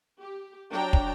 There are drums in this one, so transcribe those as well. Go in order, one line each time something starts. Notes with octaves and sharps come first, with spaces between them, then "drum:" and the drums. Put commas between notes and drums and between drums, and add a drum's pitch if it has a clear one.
G4
F#3 D4 G5 A#5
drum: kick